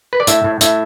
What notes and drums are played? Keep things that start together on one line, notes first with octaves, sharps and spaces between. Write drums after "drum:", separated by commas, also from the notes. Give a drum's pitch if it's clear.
B4
D5
A2 E5, drum: hi-hat
A2
A2 E5, drum: hi-hat